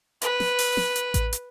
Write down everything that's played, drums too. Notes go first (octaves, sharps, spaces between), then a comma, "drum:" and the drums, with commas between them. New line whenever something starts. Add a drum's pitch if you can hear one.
B4, drum: hi-hat
drum: snare
drum: open hi-hat
drum: snare
drum: hi-hat
drum: kick A1, hi-hat
drum: hi-hat